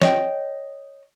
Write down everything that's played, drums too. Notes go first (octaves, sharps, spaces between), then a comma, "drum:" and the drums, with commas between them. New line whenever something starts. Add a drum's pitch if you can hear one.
C#5 D#5 G5, drum: snare